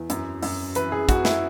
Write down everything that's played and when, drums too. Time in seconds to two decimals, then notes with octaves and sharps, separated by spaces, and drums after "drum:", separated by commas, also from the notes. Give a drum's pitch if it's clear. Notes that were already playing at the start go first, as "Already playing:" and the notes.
Already playing: E2
0.10 F#2, drum: hi-hat
0.43 F#2, drum: open hi-hat
0.75 E3 B4, drum: hi-hat
0.92 G#4
1.09 F#2 F#4, drum: kick, hi-hat
1.25 E4, drum: snare